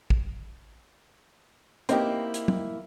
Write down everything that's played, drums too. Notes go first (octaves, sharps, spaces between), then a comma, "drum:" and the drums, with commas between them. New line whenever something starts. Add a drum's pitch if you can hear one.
drum: kick
A#3 C4 D#4 E4 G4, drum: hi-hat
drum: hi-hat
drum: tom